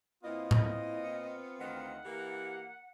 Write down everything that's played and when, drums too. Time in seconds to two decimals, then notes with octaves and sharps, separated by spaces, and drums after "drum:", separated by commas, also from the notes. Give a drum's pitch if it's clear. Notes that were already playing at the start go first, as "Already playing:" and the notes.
0.24 A#2 B3 C4 E4 F4 D#5
0.51 drum: tom A2
1.04 C#7
1.59 D2 D#3 F#5
2.05 E3 A#3 G4 A#4